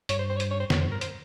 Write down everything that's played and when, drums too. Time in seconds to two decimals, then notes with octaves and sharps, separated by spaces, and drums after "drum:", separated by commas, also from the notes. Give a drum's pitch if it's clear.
0.09 G2 C#5, drum: hi-hat
0.19 C5
0.29 C5
0.36 C#5
0.40 C5, drum: hi-hat
0.51 C#5
0.60 C5
0.70 F2 C#5, drum: snare
0.80 C5
0.86 G2 A#4
1.01 C5, drum: hi-hat